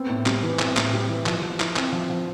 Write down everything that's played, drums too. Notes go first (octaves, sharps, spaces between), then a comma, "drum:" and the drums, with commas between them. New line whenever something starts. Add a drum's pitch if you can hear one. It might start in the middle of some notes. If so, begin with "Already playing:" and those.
Already playing: B3 C4
A2
G3, drum: clap
E3
C4, drum: clap
A2, drum: clap
G3
E3
F3, drum: clap
F3
E4, drum: clap
C4, drum: clap
F3
F3